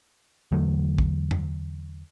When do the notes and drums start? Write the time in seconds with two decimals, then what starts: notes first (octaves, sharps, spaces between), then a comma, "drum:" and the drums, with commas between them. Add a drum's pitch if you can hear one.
0.52 E2 D3 F#3 A3
0.98 drum: kick
1.31 drum: tom F#2